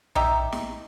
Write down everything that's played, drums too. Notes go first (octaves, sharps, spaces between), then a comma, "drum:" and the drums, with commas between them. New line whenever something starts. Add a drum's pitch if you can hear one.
D#4 G4 E5, drum: tom B1
drum: snare